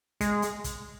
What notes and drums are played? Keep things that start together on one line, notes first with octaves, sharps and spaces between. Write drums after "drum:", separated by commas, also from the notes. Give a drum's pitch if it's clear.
G#3, drum: kick, hi-hat
drum: hi-hat
drum: kick, hi-hat